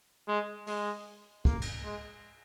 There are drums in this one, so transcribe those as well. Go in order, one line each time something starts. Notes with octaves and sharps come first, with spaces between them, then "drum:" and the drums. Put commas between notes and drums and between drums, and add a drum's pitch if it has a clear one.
G#3
G#3, drum: open hi-hat
A#3, drum: kick
drum: cymbal
G#3